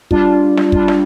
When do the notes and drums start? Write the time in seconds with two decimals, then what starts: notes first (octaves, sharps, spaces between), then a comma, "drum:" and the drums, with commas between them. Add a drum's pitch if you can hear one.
0.11 G3 D4 F4, drum: kick
0.57 drum: snare
0.72 G3 D4 F4, drum: kick
0.88 drum: snare